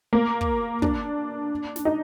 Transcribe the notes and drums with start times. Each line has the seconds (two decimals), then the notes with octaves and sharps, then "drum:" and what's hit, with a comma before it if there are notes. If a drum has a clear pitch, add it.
0.13 A#3
0.41 drum: kick
0.82 D4, drum: kick
1.76 drum: snare
1.85 D#4